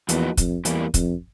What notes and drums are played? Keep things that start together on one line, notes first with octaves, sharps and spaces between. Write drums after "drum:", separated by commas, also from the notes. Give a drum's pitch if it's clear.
E2 F3 A#3 D#4 F#4 B4, drum: hi-hat
F2, drum: kick, hi-hat
E2 E3 G3 A#3, drum: hi-hat
F2, drum: kick, hi-hat